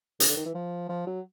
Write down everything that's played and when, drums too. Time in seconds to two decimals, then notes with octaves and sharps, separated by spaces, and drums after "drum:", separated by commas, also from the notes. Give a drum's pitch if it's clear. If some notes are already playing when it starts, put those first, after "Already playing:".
0.20 C#3, drum: hi-hat
0.28 D3
0.37 D#3
0.46 E3
0.55 F3
0.89 F3
1.07 F#3